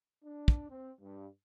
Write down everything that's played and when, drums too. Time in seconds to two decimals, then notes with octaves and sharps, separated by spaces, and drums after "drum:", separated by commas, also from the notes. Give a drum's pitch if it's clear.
0.24 D4
0.48 drum: kick
0.69 C4
1.01 G2